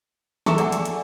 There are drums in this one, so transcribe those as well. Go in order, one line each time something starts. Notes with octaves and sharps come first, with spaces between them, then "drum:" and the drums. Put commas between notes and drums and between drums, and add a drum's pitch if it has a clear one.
A4 E5 C#6 D6 E7, drum: snare
D5 F#5 G#5, drum: hi-hat
drum: hi-hat
drum: hi-hat